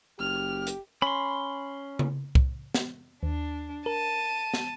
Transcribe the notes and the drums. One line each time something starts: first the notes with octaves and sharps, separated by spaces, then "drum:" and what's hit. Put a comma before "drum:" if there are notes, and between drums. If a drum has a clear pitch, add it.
F#1 G4 F6
drum: hi-hat
C#4 B5 C6
drum: tom C#3
drum: kick C2
drum: snare
D#2 D4
A#4 A5 D#7
drum: snare